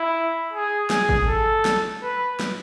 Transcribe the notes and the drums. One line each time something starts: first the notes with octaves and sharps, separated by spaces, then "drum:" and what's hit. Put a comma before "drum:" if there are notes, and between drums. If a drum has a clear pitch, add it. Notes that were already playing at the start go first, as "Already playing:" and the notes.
Already playing: E4
G#4
G#4, drum: snare
drum: kick G#1
A4
drum: snare
B4
drum: snare